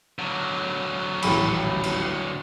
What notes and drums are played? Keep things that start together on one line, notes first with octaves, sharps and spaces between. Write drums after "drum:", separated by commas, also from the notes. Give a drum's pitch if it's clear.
D3 F#3
D#1 A1 B5, drum: cymbal
drum: cymbal